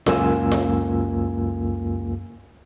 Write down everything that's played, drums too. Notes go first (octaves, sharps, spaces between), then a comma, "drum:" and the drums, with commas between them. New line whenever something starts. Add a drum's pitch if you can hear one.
C#2 F#2 A#3 F4 G#5 E6, drum: snare F4
drum: snare F4